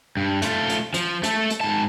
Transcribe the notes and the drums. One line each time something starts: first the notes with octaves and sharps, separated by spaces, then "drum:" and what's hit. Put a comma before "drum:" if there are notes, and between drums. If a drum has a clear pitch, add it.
G2
A3 F4, drum: hi-hat
drum: hi-hat
F3, drum: hi-hat
A3 A4, drum: hi-hat
drum: hi-hat
G#2 A5